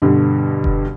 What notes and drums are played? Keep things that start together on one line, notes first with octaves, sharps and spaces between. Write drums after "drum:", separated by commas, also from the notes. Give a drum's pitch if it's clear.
G2 B2 D3
drum: kick F1